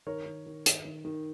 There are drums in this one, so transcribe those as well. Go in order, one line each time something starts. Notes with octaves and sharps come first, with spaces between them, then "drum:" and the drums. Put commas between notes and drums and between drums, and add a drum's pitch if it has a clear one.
D#3 A#4 C#5
D#3
D#3
D#3, drum: hi-hat
D#3
D#3